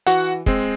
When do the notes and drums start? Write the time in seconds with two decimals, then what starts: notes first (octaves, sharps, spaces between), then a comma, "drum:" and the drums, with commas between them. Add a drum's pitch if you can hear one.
0.07 E3 F#4 F#5, drum: hi-hat
0.46 G#3 C4, drum: kick